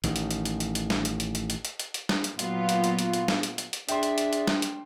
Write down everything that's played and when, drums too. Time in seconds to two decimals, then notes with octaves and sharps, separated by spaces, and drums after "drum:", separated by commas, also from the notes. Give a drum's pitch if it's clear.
0.04 A1 D#3, drum: hi-hat
0.16 drum: hi-hat
0.31 drum: hi-hat
0.45 drum: hi-hat
0.60 drum: hi-hat
0.75 drum: hi-hat
0.90 drum: snare
1.05 drum: hi-hat
1.20 drum: hi-hat
1.35 drum: hi-hat
1.50 drum: hi-hat
1.65 drum: hi-hat
1.79 drum: hi-hat
1.94 drum: hi-hat
2.09 drum: snare
2.24 drum: hi-hat
2.39 A#2 F#3 B3 F4, drum: hi-hat
2.69 drum: hi-hat
2.84 drum: hi-hat
2.99 drum: hi-hat
3.13 drum: hi-hat
3.28 drum: snare
3.43 drum: hi-hat
3.58 drum: hi-hat
3.73 drum: hi-hat
3.89 D4 G#4 D5 E5 G5 C6, drum: hi-hat
4.03 drum: hi-hat
4.18 drum: hi-hat
4.33 drum: hi-hat
4.47 drum: snare
4.62 drum: hi-hat